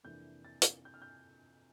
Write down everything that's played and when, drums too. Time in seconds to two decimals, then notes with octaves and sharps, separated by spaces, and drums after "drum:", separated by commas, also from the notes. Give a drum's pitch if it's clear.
0.04 F2 C3 E3 A#3 D4 G6
0.45 A6
0.62 drum: hi-hat
0.85 G6
0.94 F6
1.02 G6